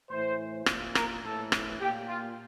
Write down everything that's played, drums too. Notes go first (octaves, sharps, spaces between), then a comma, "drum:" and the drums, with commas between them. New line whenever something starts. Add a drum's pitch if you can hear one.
A2 E3 C5
A#2, drum: rim click
A#4, drum: rim click
A2 E3 A4
drum: rim click
A#2 G4
F4